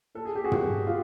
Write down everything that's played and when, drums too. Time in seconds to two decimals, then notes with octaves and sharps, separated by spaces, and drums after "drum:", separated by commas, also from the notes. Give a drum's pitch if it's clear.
0.15 A#2 A4
0.25 G#4
0.35 G4
0.44 F#4 G#4
0.52 F#3, drum: tom
0.87 A#2 F4 G4